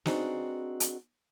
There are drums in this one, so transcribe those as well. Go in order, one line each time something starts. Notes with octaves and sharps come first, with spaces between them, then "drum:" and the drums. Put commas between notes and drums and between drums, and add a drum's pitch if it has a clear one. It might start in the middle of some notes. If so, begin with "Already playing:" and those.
B3 C4 D4 D#4 F#4 G#4, drum: snare
drum: hi-hat